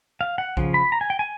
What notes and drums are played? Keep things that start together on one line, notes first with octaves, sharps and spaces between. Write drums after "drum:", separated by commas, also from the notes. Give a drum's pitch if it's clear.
F5
F#5
C#3 F3, drum: kick B1
B5
A#5
G#5
G5
G#5